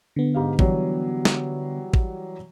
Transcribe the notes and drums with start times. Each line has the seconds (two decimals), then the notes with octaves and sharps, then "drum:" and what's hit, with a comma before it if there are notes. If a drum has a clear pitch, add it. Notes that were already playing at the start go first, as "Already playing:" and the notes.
0.16 D3 B3
0.34 G#2 G4 F5
0.59 E3 F#3 G3, drum: kick
1.25 drum: snare
1.94 drum: kick